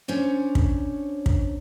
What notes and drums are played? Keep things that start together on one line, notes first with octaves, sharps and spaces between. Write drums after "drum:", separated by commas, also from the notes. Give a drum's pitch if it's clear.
C#4 D4 C5 C#5
drum: kick
drum: kick